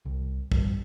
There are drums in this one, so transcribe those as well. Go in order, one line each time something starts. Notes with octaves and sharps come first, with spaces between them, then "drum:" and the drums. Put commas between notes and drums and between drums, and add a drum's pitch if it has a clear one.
C2
G2, drum: kick